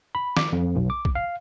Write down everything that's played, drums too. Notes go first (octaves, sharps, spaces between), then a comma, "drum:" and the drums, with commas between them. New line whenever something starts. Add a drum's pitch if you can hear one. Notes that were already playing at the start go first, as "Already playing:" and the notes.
B5
D6, drum: snare
F2
B1
D6
drum: kick
F5